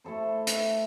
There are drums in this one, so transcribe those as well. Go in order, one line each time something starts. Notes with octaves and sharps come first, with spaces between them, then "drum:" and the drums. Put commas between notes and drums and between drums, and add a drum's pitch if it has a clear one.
A3 E4 A4 C5
drum: hi-hat